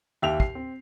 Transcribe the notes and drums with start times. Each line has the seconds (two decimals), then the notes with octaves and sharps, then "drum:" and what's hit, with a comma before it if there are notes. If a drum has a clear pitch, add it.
0.22 D#2 E5 G5 F7
0.40 C7, drum: kick
0.55 C4